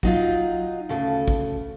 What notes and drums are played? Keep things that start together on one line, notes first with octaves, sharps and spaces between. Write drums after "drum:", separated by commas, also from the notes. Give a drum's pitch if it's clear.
F#3 D#4 F4, drum: kick
D2 C#3 A4
drum: kick